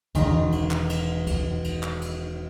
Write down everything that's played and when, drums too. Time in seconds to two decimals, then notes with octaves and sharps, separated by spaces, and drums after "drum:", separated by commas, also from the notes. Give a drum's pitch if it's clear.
0.15 E1 D#3 D#4, drum: kick C2, cymbal
0.52 drum: cymbal
0.71 drum: clap
0.90 drum: cymbal
1.27 drum: kick C2, cymbal
1.64 drum: cymbal
1.83 drum: clap
2.02 drum: cymbal